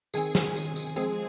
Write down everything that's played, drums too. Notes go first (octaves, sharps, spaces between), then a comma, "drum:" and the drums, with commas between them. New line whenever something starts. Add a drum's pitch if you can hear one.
D#3 C4 G#4 G#5, drum: tambourine
drum: snare
drum: tambourine
drum: tambourine
F3 G#3 C4 G#4 G#5, drum: tambourine